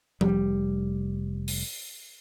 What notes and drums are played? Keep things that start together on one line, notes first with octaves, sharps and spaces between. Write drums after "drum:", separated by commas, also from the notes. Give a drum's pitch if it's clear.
F1 G3, drum: tom F3
drum: open hi-hat